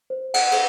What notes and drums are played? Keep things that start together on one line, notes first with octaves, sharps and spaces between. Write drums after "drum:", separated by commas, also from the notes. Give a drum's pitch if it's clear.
C5
F#5, drum: cymbal
drum: cymbal